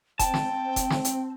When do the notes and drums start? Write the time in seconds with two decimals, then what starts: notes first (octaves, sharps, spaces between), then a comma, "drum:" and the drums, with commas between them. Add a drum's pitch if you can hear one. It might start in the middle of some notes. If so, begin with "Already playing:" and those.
0.19 C4 G5 A5, drum: kick F1, hi-hat
0.34 drum: snare
0.76 drum: kick F1, hi-hat
0.90 drum: snare
1.05 drum: hi-hat